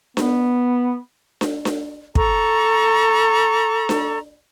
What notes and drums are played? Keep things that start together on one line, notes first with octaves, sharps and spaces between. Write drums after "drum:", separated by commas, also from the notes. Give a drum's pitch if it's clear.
B3, drum: snare D4
drum: snare D4
drum: snare D4
A4 A#5 C#6, drum: kick
drum: snare D4